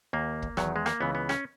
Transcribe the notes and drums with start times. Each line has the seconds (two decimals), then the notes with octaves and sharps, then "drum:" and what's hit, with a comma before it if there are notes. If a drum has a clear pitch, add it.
0.13 D#2 D#3 A#3
0.42 drum: kick
0.57 E2 D#3 F#3, drum: rim click
0.76 G#3
0.86 A#3, drum: rim click
1.00 C#2 C#3 E3 B3
1.15 B3
1.29 C#4, drum: rim click